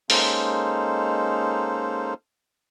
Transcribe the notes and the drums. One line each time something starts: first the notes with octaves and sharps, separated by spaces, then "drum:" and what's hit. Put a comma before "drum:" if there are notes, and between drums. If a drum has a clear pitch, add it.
G#3 A#3 C#4 D#4 A4 C5, drum: open hi-hat